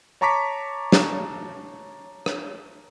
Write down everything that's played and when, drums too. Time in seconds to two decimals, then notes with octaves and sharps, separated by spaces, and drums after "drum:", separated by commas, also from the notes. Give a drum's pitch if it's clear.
0.21 C#5 A5 A#5 C#6 D6 B6
0.92 drum: snare
2.26 drum: rim click